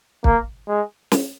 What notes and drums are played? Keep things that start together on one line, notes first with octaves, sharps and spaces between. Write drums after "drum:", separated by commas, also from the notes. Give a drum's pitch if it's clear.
A#3, drum: kick
G#3
drum: snare